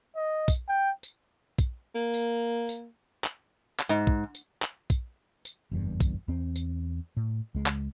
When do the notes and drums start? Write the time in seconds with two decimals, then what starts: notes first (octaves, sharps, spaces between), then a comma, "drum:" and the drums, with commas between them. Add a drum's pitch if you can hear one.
0.16 D#5
0.48 drum: kick, tambourine
0.69 G5
1.03 drum: tambourine
1.59 drum: kick, tambourine
1.95 A#3
2.14 drum: tambourine
2.69 drum: tambourine
3.24 drum: clap
3.79 drum: clap
3.89 G#2
4.07 drum: kick
4.35 drum: tambourine
4.62 drum: clap
4.90 drum: kick, tambourine
5.45 drum: tambourine
5.71 F#1 E2 G2
6.00 drum: kick, tambourine
6.28 E2 C4
6.56 drum: tambourine
7.17 A2
7.55 C#2 G#3
7.66 drum: clap